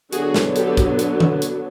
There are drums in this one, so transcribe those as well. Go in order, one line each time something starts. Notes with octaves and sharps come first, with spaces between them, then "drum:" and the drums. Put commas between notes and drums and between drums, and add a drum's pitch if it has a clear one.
D3 F#3 B3 F#4 G#4, drum: hi-hat
drum: snare
G4 A4, drum: hi-hat
drum: kick, hi-hat
drum: hi-hat
drum: tom D3
drum: hi-hat